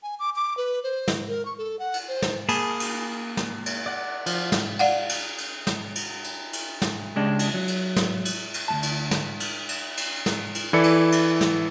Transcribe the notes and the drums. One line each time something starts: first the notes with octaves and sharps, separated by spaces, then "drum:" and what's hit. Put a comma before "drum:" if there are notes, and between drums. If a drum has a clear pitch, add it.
G#5
D6
D6
B4
C5
drum: snare
A#4
C#6
A4
F#5
drum: cymbal
C5
drum: snare
A#3 G#4 A5 B5, drum: cymbal
drum: cymbal
drum: snare
drum: cymbal
D5 F#5
F3, drum: cymbal
drum: snare
D5 F5 F#5, drum: cymbal
drum: cymbal
drum: cymbal
drum: snare
drum: cymbal
drum: cymbal
drum: cymbal
drum: snare
C#2 C#3 G#3 D4 G4
drum: cymbal
F#3
drum: cymbal
drum: snare
drum: cymbal
drum: cymbal
D2 G2 A5
drum: cymbal
drum: snare
drum: cymbal
drum: cymbal
drum: cymbal
drum: snare
drum: cymbal
E3 E4 A4 D5 C#7
drum: cymbal
drum: cymbal
drum: snare